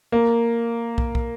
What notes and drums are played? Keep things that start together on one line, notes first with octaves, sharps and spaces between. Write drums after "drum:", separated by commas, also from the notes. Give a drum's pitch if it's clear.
A#3
drum: kick
drum: kick